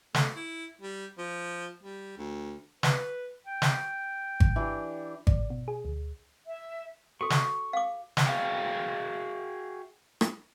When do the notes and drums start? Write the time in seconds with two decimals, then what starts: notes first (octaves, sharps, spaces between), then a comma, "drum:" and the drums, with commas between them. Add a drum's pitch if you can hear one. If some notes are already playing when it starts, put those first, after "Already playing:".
0.15 A3, drum: snare
0.36 E4
0.81 G3
1.18 F3
1.83 G3
2.18 D2
2.83 B4, drum: snare
3.47 G5
3.62 drum: snare
4.40 drum: kick G#1
4.56 E3 D4 G4
5.27 D5, drum: kick G#1
5.50 B2
5.68 G#4
5.85 D2
6.46 E5
7.21 F#4 A4 C#6
7.30 drum: snare
7.73 F5 D6
8.17 drum: snare
8.26 F#4 G#4 E5 F5 G5
10.21 drum: rim click